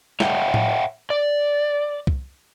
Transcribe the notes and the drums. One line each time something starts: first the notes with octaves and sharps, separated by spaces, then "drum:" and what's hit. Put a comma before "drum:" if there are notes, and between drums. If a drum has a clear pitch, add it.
C#5 E5 F#5 G5, drum: snare
drum: tom A2
D5
drum: kick C2